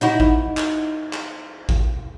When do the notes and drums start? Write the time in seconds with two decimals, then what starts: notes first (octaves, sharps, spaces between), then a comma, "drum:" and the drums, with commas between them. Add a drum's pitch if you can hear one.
0.01 D#4 E4 F#4
0.20 drum: kick A1
0.57 drum: clap
1.13 drum: clap
1.69 drum: kick A1